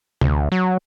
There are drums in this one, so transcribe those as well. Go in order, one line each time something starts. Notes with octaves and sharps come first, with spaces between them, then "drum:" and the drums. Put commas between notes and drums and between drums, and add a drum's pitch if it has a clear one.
D2, drum: tom C3
F#3